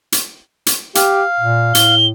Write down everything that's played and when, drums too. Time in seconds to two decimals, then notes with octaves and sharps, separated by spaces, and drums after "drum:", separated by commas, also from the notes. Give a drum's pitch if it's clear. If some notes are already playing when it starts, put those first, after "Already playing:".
0.12 drum: hi-hat
0.66 drum: hi-hat
0.95 G4 F5, drum: hi-hat
1.40 A#2
1.75 A2 G7, drum: hi-hat